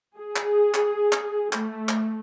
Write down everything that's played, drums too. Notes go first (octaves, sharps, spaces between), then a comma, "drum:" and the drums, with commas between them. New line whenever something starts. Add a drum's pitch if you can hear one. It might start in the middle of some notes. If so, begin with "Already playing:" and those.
G#4
drum: clap
drum: clap
drum: clap
A3, drum: clap
drum: clap